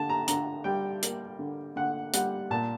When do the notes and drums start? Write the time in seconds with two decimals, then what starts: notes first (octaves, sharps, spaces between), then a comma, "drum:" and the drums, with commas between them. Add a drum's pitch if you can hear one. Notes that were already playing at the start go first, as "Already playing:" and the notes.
Already playing: D3 A5
0.09 A#5
0.28 D3 A#5, drum: hi-hat
0.64 G3 G5
1.03 A#3, drum: hi-hat
1.39 D3
1.76 D3 F#5
2.13 G3 F#5, drum: hi-hat
2.50 A#2 A5